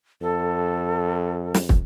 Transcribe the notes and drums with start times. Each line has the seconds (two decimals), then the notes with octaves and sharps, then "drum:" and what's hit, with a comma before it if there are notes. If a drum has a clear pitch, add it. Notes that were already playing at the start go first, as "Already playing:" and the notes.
0.22 F2 A4
1.54 drum: snare
1.69 drum: kick